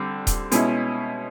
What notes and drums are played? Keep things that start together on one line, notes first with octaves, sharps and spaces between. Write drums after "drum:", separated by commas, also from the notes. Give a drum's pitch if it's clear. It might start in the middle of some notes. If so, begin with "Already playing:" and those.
Already playing: D3 G3 C4
drum: kick D#1, hi-hat
B2 G#3 C#4 E4, drum: hi-hat